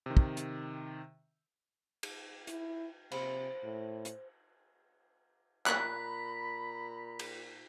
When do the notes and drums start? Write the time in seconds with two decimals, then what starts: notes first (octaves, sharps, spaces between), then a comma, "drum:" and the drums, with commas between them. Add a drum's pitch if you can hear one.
0.06 C3 D#3
0.17 drum: kick
0.37 drum: hi-hat
2.03 drum: cymbal
2.47 E4, drum: hi-hat
3.11 C3 C5 F5 B5, drum: cymbal
3.63 A2
4.05 drum: hi-hat
5.66 A#2 A#5 B5 F#6 B6, drum: clap
7.19 drum: cymbal